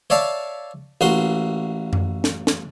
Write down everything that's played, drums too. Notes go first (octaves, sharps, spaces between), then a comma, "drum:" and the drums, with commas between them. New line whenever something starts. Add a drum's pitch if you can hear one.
C#5 D5 E5 F5 A5
A1 A#3 F#4 C6
drum: tom F#2
drum: snare
drum: snare